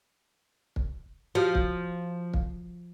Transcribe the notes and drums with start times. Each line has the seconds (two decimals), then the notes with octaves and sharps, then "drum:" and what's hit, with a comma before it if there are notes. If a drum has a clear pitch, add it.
0.76 drum: kick
1.35 F3 F#4 G4
1.55 drum: kick
2.34 drum: kick